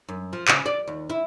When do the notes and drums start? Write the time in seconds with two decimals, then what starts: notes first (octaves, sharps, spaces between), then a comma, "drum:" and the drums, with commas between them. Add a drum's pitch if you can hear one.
0.08 F#2
0.33 F3
0.48 C#3, drum: clap
0.66 D5
0.88 D#2
1.10 E4